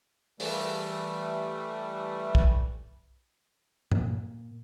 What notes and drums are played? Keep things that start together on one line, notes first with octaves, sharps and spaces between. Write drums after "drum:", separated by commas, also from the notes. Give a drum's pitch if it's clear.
E3 G3 A3, drum: open hi-hat
drum: kick
A#2, drum: tom G2